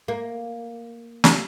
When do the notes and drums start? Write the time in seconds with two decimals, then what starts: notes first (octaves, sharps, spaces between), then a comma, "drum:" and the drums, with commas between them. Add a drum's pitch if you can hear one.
0.08 A#3
1.24 drum: snare